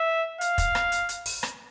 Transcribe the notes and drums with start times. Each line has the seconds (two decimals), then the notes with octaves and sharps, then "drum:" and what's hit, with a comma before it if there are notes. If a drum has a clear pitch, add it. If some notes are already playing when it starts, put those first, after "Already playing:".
Already playing: E5
0.41 F5, drum: hi-hat
0.58 drum: kick, hi-hat
0.75 drum: rim click
0.92 drum: hi-hat
1.09 drum: hi-hat
1.26 drum: open hi-hat
1.43 drum: rim click